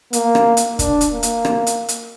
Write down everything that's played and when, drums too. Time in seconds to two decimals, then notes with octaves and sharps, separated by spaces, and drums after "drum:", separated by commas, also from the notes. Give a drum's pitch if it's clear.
0.13 A#3, drum: hi-hat
0.35 drum: rim click
0.57 drum: hi-hat
0.79 D4, drum: kick, hi-hat
1.01 drum: hi-hat
1.11 A#3
1.23 drum: hi-hat
1.45 drum: rim click
1.67 drum: hi-hat
1.88 drum: hi-hat